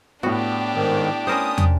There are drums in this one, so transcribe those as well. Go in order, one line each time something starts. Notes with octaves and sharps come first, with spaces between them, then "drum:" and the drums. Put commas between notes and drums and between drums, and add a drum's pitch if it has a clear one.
A2 B3 D4 F#4 G4
G#2 D#3
C#4 A#4 C5 D#6
drum: tom